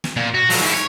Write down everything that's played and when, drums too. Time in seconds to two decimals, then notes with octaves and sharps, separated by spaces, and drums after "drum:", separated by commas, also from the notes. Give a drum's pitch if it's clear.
0.04 drum: snare
0.16 A#2
0.34 F#4
0.50 F3 F#3, drum: open hi-hat
0.61 G#2 E4
0.74 C#5